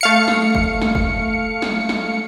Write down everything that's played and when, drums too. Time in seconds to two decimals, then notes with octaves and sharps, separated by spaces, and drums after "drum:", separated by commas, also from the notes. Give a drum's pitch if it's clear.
0.01 A3 F5 C#7
0.28 drum: snare
0.55 drum: kick
0.82 drum: snare
0.95 drum: kick
1.62 drum: snare
1.89 drum: snare